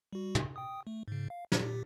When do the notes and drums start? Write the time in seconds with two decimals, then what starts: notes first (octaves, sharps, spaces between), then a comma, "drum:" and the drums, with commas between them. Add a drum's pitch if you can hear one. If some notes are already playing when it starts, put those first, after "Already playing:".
0.13 G3 F#4
0.35 drum: tom
0.56 G5 D#6
0.87 A3
1.08 G#2 C#3
1.30 F5
1.52 A#2 G4, drum: snare